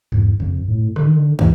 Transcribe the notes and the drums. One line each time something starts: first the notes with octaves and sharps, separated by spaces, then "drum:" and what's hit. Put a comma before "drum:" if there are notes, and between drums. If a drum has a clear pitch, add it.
E2, drum: tom G2
F2, drum: tom C3
A2
D3, drum: rim click
D#3
D3
E3, drum: kick